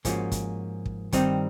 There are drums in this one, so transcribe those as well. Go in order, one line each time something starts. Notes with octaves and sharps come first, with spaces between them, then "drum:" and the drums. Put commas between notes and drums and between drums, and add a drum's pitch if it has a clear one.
G#2 F3 A#3 C#4 F#4, drum: kick, hi-hat
drum: kick, hi-hat
drum: kick
G2 D#3 G3 C4 D#4, drum: kick, hi-hat